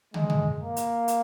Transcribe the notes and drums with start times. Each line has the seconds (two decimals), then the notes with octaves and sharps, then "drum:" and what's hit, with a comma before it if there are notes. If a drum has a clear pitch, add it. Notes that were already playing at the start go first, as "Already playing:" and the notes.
0.14 G#3, drum: tom
0.30 drum: tom
0.61 A#3
0.76 drum: hi-hat
1.08 drum: hi-hat